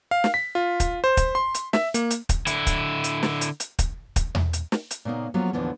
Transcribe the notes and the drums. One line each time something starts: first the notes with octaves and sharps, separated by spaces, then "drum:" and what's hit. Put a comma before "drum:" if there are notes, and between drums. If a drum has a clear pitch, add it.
F5
drum: snare
B6
F4
drum: kick, hi-hat
C5
drum: kick, hi-hat
C6
drum: hi-hat
E5, drum: snare
A#3, drum: hi-hat
drum: hi-hat
drum: kick, hi-hat
D3 E4, drum: hi-hat
drum: kick, hi-hat
drum: hi-hat
drum: snare
drum: hi-hat
drum: hi-hat
drum: kick, hi-hat
drum: kick, hi-hat
drum: tom E2
drum: hi-hat
drum: snare
drum: hi-hat
A#2 C#3 A#3 B3 D#4
F3 F#3 A#3 B3 C#4 F4
D#2 A2 D3 E3 F3 B3